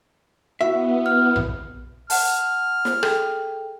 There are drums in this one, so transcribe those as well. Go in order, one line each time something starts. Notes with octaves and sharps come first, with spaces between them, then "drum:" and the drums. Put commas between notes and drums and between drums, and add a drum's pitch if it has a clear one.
B3 E4 F#4 E5
F6
drum: tom A#1
F#5 A5 F6, drum: open hi-hat
drum: snare
G#4 A4 G5, drum: rim click